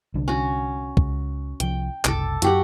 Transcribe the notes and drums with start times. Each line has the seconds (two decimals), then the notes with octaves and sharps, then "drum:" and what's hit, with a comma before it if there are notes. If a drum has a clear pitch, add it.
0.14 C2 D3
0.28 C#4 F#4
0.97 C#2, drum: kick
1.60 C2 F3 G5, drum: hi-hat
2.05 F#1 C2 A4 D6, drum: clap
2.42 F#2 F#4 G4 F#5, drum: hi-hat